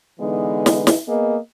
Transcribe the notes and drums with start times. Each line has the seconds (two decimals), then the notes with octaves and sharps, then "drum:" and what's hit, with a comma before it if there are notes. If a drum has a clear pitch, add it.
0.19 D3 E3 G#3 B3 D#4
0.66 drum: snare
0.87 drum: snare
1.08 A#3 B3 G#4 D#5